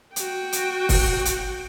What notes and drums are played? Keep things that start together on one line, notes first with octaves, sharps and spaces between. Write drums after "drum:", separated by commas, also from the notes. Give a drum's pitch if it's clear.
F#4 G5, drum: hi-hat
drum: hi-hat
drum: kick, open hi-hat
drum: hi-hat